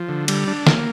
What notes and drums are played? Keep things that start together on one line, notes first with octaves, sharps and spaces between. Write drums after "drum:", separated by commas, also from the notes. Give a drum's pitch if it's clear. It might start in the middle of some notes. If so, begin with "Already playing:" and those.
Already playing: F3
D3
G3, drum: cymbal
D4
A#3, drum: snare